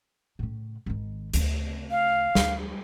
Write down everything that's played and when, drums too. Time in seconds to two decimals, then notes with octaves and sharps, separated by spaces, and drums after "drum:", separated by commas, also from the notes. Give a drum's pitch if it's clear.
0.39 A2 C#3
0.86 G#1 D#3
1.34 D2 C#3, drum: hi-hat
1.91 F5
2.35 D2, drum: snare